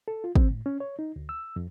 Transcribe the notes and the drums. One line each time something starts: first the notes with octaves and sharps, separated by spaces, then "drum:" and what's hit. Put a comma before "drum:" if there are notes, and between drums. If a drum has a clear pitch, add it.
A4
F4
C4, drum: kick
A2
C#4
C#5
D#4
D2
E6
F2